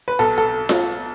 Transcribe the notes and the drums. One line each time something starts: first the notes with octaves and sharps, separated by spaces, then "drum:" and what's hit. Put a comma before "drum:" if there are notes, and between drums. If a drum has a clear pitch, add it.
B4
B1 A4
A4
drum: snare F4